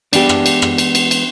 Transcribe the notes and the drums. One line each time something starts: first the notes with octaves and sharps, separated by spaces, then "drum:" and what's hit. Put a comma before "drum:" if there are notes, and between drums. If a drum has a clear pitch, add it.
E3 G#3 B3 D4 G4, drum: cymbal
drum: rim click
drum: cymbal
drum: rim click
drum: cymbal
drum: cymbal
drum: cymbal